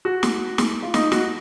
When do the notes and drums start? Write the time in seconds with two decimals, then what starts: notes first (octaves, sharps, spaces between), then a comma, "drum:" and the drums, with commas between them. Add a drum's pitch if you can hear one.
0.05 F#4
0.23 drum: snare
0.58 drum: snare
0.82 F4
0.94 D#4, drum: snare
1.12 F#4, drum: snare